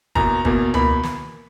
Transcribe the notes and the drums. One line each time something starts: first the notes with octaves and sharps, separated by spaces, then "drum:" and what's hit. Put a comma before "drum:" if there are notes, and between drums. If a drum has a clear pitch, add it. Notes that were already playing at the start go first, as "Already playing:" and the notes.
E2 B2 A#3 A#5, drum: kick
E2 B2 A#3, drum: kick
E2 B2 A#3 B5, drum: tom C#2
drum: snare